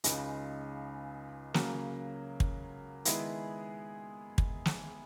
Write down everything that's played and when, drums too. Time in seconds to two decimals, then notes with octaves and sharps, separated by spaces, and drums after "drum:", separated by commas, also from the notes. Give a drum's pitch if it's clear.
0.04 C#2 C#3 G#3 D#4, drum: hi-hat
1.54 C#3 F#3 A#3, drum: snare
2.40 drum: kick
3.05 D#3 G#3 B3 E4 G#4, drum: hi-hat
4.38 drum: kick
4.65 drum: snare